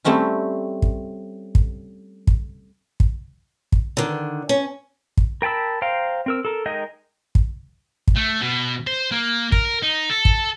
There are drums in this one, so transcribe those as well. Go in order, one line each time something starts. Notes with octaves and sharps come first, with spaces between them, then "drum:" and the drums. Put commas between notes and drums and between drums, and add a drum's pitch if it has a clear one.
G3 A3 C4 C#4 E4
drum: kick
drum: kick
drum: kick
drum: kick
drum: kick
D3 D#3
C#4
drum: kick
A#4 G5 A5 B5 E6
C5 F5 G5 A#5
C4 A#4 E6
A4 A#4
G#3 D#4 A#4 D#5 G5
drum: kick
drum: kick
A3
B2
C5
A#3
A#4, drum: kick
D#4
A4
drum: kick